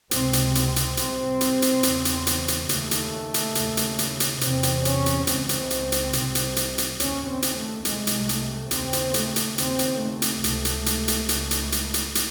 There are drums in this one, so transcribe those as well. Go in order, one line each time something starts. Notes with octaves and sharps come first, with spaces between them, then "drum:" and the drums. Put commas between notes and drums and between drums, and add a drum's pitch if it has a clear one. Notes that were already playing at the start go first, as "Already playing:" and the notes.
C#2 C3 C4, drum: hi-hat
drum: hi-hat
C4, drum: hi-hat
drum: hi-hat
C2 C3, drum: hi-hat
drum: hi-hat
drum: hi-hat
E2 C#3, drum: hi-hat
drum: hi-hat
drum: hi-hat
drum: hi-hat
D#2 C#3 A3, drum: hi-hat
drum: hi-hat
drum: hi-hat
D#2 C#3, drum: hi-hat
drum: hi-hat
drum: hi-hat
drum: hi-hat
E2 C3 C4, drum: hi-hat
drum: hi-hat
C#4, drum: hi-hat
drum: hi-hat
C#2 C#3 C4, drum: hi-hat
drum: hi-hat
drum: hi-hat
drum: hi-hat
C2 C3, drum: hi-hat
drum: hi-hat
drum: hi-hat
drum: hi-hat
D#2 C#3 C#4, drum: hi-hat
C4
drum: hi-hat
A3
C2 C3 G#3, drum: hi-hat
drum: hi-hat
A3, drum: hi-hat
D#2 C#3 C4, drum: hi-hat
drum: hi-hat
A3, drum: hi-hat
drum: hi-hat
D#2 C#3 C4, drum: hi-hat
drum: hi-hat
A3
drum: hi-hat
C#2 C3, drum: hi-hat
drum: hi-hat
drum: hi-hat
drum: hi-hat
C#2 C#3, drum: hi-hat
drum: hi-hat
drum: hi-hat
drum: hi-hat
drum: hi-hat